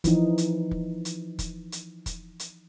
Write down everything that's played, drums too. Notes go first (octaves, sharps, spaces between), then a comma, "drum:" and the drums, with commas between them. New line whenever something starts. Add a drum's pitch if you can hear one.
E3 F3 D#4, drum: kick, hi-hat
drum: hi-hat
drum: kick
drum: hi-hat
drum: kick, hi-hat
drum: hi-hat
drum: kick, hi-hat
drum: hi-hat